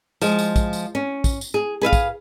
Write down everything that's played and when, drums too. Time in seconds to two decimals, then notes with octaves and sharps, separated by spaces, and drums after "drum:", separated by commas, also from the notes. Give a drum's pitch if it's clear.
0.21 F3 G#3, drum: tambourine
0.39 drum: tambourine
0.56 drum: kick, tambourine
0.73 drum: tambourine
0.95 C#4
1.24 drum: kick, tambourine
1.41 drum: tambourine
1.54 G#4
1.81 G#4 B4 E5 F5
1.93 drum: kick, tambourine